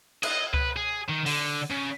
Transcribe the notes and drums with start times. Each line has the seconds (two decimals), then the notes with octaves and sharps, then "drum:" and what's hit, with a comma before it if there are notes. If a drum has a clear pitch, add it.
0.23 D#5, drum: cymbal
0.54 B4, drum: kick C#2
0.77 G#4
1.09 D#3
1.26 D3, drum: open hi-hat
1.71 C#3